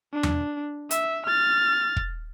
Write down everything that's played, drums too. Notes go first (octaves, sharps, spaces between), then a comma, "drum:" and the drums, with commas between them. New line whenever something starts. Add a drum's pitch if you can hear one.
D4
drum: tom E2
E5, drum: hi-hat
F6 A6
drum: kick